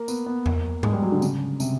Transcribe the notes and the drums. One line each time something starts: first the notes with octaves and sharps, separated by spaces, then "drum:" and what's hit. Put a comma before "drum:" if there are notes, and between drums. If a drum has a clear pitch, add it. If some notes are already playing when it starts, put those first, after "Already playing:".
Already playing: A#3
B3, drum: tambourine
B3
A#3, drum: tom E2
G#3, drum: tom G#2
G3
F#3
D3
C#3, drum: tambourine
C3, drum: tambourine